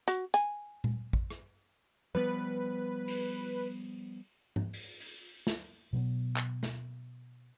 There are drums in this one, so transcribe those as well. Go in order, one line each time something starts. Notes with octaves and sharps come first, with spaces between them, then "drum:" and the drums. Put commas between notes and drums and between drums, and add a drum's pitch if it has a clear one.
F#4, drum: hi-hat
G#5, drum: hi-hat
drum: tom A#2
drum: kick A1
drum: rim click
F3 G3 B3 B4
drum: open hi-hat
drum: tom G#2
drum: open hi-hat
drum: open hi-hat
drum: snare
B2 F#3 B3
drum: clap
drum: snare